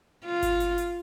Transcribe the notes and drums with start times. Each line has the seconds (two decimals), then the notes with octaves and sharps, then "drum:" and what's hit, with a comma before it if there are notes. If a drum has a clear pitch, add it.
0.25 F4
0.43 drum: kick G1, hi-hat
0.60 drum: hi-hat
0.78 drum: hi-hat